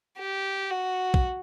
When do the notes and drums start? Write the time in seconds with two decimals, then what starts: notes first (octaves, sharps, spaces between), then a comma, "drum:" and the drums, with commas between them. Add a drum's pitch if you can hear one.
0.19 G4
0.71 F#4
1.14 drum: kick